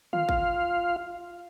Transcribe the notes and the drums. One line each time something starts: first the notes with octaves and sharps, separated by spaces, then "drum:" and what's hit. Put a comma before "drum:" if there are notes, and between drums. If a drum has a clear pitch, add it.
F4 F5, drum: tom D3
drum: kick